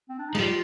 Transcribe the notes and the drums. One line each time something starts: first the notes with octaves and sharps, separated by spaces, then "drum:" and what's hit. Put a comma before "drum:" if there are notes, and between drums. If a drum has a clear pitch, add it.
C4
D4
D#4
G#3, drum: cymbal
G3 F4